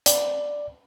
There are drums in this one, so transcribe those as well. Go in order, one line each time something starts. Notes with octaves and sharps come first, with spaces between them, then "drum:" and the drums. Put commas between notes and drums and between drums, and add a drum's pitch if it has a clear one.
D5, drum: hi-hat